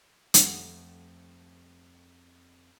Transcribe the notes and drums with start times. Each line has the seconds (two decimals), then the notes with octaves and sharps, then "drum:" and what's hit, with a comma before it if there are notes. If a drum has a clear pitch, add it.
0.34 F2 G3 A3 F#5, drum: hi-hat